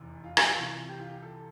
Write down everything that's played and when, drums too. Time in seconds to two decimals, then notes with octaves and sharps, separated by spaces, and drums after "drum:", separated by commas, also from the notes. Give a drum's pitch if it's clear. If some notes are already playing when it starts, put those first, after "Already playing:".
Already playing: F1 E2 C3 E3
0.24 F4
0.37 G4, drum: rim click
0.51 F4
0.57 C2 C3 E3
0.89 G4
1.00 F4
1.10 G4
1.22 A4